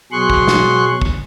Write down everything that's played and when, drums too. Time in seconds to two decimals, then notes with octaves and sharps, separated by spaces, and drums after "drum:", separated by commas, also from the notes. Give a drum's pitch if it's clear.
0.12 B2 F#3 G#4 C6 C#6 F#6
0.30 drum: kick
0.48 drum: snare
1.01 drum: kick